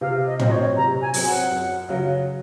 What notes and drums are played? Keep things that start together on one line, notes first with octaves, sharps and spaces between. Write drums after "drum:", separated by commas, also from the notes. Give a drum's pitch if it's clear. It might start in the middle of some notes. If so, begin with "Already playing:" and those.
C3 F5
D#5
F#3 C4, drum: tom
D#5
C#5
C3 A#5
G#5
F#3 C4, drum: open hi-hat
F#5
F#2
C#3 F#3